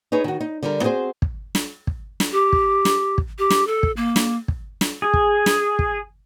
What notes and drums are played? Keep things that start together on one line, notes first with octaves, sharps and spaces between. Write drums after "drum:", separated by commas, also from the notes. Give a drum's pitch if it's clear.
D#4 G#4 B4 C#5
D#3 F#4
D#4
D3 G3 A#4
C4 F#4 G#4 B4 C5
drum: kick
drum: snare
drum: kick
drum: snare
G4
drum: kick
drum: snare
drum: kick
G4
drum: snare
A4
drum: kick
A#3
drum: snare
drum: kick
drum: snare
G#4
drum: kick
drum: snare
drum: kick